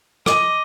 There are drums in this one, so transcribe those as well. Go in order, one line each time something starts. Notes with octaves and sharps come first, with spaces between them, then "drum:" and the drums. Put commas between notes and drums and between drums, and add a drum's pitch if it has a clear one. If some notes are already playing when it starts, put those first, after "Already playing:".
D#5 D6, drum: rim click